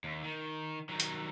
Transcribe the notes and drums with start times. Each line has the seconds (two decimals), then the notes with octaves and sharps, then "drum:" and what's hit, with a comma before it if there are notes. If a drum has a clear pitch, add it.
0.04 D#2
0.24 D#3
0.89 D#3 F#3
1.00 drum: hi-hat